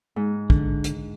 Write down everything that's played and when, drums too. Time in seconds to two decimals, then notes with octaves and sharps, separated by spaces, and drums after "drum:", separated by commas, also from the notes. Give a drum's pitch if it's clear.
0.16 G#2
0.50 D3, drum: kick
0.84 drum: hi-hat